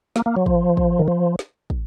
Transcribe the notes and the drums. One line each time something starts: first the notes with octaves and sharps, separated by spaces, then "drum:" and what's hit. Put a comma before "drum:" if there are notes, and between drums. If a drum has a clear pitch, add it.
A#3, drum: snare
A#3
F#3
F3, drum: kick
drum: kick
D#3
F3
drum: snare
drum: kick